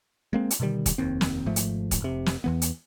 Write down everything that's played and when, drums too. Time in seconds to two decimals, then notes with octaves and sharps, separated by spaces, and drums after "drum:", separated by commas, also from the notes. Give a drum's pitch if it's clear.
0.33 G#3 A#3 C4
0.51 drum: hi-hat
0.60 B2 D3 D#3 G3
0.86 drum: kick, hi-hat
0.98 F1 D#2 C4
1.21 drum: snare
1.46 G#1 G#2 F3 A3
1.56 drum: hi-hat
1.91 drum: kick, hi-hat
2.01 F1 C3
2.26 drum: snare
2.44 E2 E3 B3
2.62 drum: hi-hat